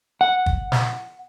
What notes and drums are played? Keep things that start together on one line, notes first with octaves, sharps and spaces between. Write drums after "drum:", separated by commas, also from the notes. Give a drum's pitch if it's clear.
F#5
drum: kick
drum: snare